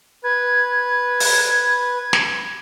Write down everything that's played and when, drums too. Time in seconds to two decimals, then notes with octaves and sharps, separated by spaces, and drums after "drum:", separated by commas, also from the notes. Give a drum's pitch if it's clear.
0.24 B4 G#6
1.20 drum: open hi-hat
2.13 drum: snare